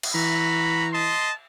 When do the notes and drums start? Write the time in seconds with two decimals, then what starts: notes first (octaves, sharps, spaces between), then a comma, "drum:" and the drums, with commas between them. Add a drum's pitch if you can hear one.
0.03 drum: cymbal
0.14 E3 F#4 A#5 B5
0.93 D#5 A5 C6